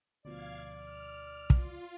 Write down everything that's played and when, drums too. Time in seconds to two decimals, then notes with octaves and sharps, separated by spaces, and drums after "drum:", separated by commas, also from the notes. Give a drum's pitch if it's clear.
0.25 D2 B2 F3 D5 F5 G#6
0.72 F6
1.50 F4, drum: kick